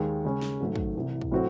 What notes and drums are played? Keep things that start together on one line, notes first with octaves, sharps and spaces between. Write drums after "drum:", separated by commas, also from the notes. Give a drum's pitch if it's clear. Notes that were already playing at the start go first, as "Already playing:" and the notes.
Already playing: D#2 D#3 G#3
C#3 G#3 C#4
drum: snare
G#2 D#3 F#3 A3
drum: kick
C2 C3 E3
drum: kick
A2 F#3 A3 C4 F#4